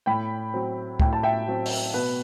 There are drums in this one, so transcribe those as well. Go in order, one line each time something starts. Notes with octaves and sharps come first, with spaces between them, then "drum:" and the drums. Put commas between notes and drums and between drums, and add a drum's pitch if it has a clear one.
A2 G5 B5
F#3 C4
A2 G5, drum: kick C#2
A5
E5 G5
F#3 C4
drum: open hi-hat
B2 B4